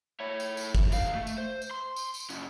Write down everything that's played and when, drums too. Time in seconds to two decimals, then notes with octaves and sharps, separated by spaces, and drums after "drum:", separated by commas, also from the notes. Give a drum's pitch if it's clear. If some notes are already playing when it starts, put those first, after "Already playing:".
0.20 E4 C#5
0.40 drum: tambourine
0.57 drum: tambourine
0.75 drum: kick G1
0.92 D2 F5, drum: tambourine
1.15 A3
1.27 drum: tambourine
1.38 C5
1.62 drum: tambourine
1.71 C6
1.96 drum: tambourine
2.14 drum: tambourine
2.30 F#2 C#3, drum: tambourine